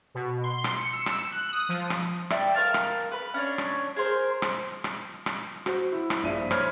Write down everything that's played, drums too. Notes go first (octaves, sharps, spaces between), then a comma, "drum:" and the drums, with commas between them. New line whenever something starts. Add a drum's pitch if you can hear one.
B2
C6
drum: rim click
C#7
E6
drum: rim click
F#6
D#6
F3
drum: rim click
D5 E5 G5, drum: rim click
A#4 C#5 F5 A5
drum: rim click
B4 B5
C#4 D4 C#5
drum: rim click
G#4 A#4 C5
drum: rim click
drum: rim click
drum: rim click
F#4 C5, drum: rim click
E4
drum: rim click
A#1 G2 F3 E5 D#7
C5 C#5 B5 C6 F6 G#6, drum: rim click